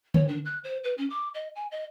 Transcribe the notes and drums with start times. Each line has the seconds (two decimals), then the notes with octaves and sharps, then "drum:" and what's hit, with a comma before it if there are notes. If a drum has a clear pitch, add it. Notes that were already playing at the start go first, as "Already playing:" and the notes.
0.14 C#5, drum: tom D3
0.28 D4
0.45 F#6
0.64 C5
0.84 B4
0.98 C#4
1.10 D6
1.34 D#5
1.55 G#5
1.71 D#5